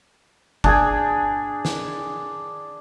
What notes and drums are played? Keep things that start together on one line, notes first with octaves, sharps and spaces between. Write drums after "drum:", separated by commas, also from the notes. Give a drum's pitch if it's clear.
D4 G#4 G5 G#5, drum: kick F#1
drum: snare